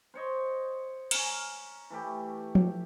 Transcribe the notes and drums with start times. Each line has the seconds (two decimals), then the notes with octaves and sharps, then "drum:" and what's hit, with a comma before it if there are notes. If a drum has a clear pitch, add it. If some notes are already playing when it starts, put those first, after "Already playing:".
0.14 C5 C#5 D#5
1.11 C#4 A#4, drum: cymbal
1.90 E3 A3 G4
2.55 drum: tom F3